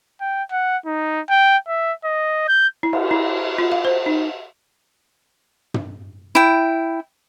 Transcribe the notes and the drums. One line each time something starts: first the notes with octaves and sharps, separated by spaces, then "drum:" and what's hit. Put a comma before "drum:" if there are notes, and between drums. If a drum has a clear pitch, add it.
G5
F#5
D#4
G5
E5
D#5
G6
E4
drum: cymbal
E4
F4
F5
C5
D#4
drum: tom
E4 G5